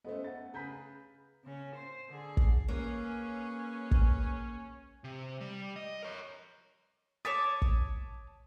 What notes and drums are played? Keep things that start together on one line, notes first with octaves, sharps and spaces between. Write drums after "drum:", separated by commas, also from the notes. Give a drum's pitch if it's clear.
A3 B3 C#4 C5 D#5
A4 F#5 A6
C#3 G#4 B4 A#5 G6 B6
C#3 C#4
C5
D3 G#4
drum: kick
A#3 C#4 G#4 B4 C#5
drum: kick
C3
G3
D#5
A#4 C#5
C#5 A5 D6 D#6 A6 B6
drum: kick